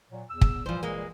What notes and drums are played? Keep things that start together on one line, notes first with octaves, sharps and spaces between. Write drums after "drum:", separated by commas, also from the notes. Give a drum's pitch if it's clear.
A#2 F#3
E2 E6
drum: kick
A#2 E3 F3 G3 C5
G#3 A#3